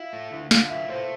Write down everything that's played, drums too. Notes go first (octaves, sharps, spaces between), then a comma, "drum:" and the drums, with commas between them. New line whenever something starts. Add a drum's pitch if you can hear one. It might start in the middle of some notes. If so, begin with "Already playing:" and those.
Already playing: E4 F4
A3
D3 E4
D3 F4, drum: snare
E4 E5
A3 C5